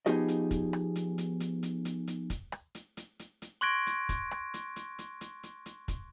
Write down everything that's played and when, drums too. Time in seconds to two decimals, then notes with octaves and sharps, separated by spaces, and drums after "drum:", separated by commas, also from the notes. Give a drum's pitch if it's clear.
0.06 F3 B3 D#4 G4 G#4 D#5, drum: hi-hat
0.28 drum: hi-hat
0.51 drum: kick, hi-hat
0.73 drum: rim click
0.96 drum: hi-hat
1.18 drum: hi-hat
1.40 drum: hi-hat
1.63 drum: hi-hat
1.85 drum: hi-hat
2.07 drum: hi-hat
2.30 drum: kick, hi-hat
2.52 drum: rim click
2.75 drum: hi-hat
2.97 drum: hi-hat
3.19 drum: hi-hat
3.42 drum: hi-hat
3.61 C6 C#6 F#6 G#6 A#6 D7
3.87 drum: hi-hat
4.09 drum: kick, hi-hat
4.31 drum: rim click
4.54 drum: hi-hat
4.76 drum: hi-hat
4.99 drum: hi-hat
5.21 drum: hi-hat
5.43 drum: hi-hat
5.66 drum: hi-hat
5.88 drum: kick, hi-hat